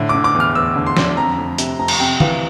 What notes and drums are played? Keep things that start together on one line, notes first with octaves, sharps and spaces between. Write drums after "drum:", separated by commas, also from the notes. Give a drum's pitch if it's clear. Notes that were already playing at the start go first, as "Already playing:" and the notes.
Already playing: A2 D3
D6
D3
D6
E2
F6
E2 E6
D3
C6
D3, drum: snare
F2 A#5
F2
C3, drum: hi-hat
F2 A#5
drum: cymbal
C3 G5
E3 F5, drum: tom